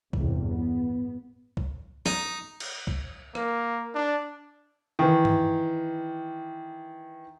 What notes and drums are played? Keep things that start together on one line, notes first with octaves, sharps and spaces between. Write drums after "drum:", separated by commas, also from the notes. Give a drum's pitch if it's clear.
G1 E2 A2 C3, drum: kick C2
B3
drum: kick C2
D#4, drum: snare
drum: cymbal
drum: kick C2
A#3, drum: rim click
D4
D#3 E3
drum: tom G2